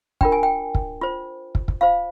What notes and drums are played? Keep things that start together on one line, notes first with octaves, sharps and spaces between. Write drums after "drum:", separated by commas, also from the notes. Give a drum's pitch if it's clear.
D4 F4 A#4 G5, drum: kick
G#5
G5
drum: kick
F4 C5
drum: kick
drum: kick
F4 C5 F5